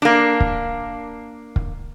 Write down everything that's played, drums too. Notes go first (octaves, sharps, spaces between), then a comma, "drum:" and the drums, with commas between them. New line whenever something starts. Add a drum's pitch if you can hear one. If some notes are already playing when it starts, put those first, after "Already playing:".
A#3 D4
drum: kick
drum: kick